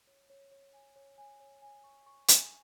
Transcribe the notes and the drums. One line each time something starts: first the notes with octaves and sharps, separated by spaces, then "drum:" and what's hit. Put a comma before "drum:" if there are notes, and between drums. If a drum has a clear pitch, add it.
C#5
C#5
C#5
G#5
C#5
G#5
C#5
G#5
C#6
C#6
G#5, drum: hi-hat